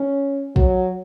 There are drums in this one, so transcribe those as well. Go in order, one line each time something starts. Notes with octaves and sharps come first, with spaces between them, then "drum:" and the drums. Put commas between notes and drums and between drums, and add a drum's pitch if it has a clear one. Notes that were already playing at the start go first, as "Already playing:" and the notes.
Already playing: C#4
F#3, drum: kick